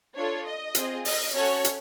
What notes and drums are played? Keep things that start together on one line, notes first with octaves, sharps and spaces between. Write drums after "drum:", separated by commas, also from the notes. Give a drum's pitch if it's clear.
D4 F4 A4 C#5
D#5
C4 F4 G#4, drum: hi-hat
D#5, drum: open hi-hat
C#4 F#4 A4 C#5
drum: hi-hat